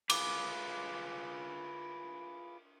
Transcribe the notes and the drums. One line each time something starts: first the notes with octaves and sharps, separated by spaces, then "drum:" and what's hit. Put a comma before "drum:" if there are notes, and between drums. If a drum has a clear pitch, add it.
F4 G#4 B4 D6, drum: cymbal